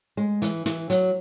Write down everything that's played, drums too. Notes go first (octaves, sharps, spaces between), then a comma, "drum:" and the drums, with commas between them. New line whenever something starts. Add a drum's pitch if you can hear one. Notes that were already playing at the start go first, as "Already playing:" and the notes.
G#3
E3, drum: hi-hat
E3, drum: snare
F#3, drum: hi-hat